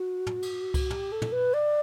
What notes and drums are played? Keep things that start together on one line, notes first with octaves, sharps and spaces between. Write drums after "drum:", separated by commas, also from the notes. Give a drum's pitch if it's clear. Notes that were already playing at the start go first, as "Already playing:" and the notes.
Already playing: F#4
drum: tom
drum: cymbal
drum: kick C2, cymbal
G4, drum: tom
A4
drum: tom
B4
D5